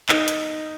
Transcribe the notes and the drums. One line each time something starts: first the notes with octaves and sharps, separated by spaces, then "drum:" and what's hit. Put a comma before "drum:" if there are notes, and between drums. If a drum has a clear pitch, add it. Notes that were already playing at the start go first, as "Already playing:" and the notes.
D#4, drum: clap
drum: hi-hat